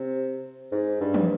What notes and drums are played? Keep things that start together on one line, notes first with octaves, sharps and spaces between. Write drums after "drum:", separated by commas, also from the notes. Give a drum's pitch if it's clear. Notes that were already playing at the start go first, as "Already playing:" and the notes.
Already playing: C3
G#2
G2
drum: tom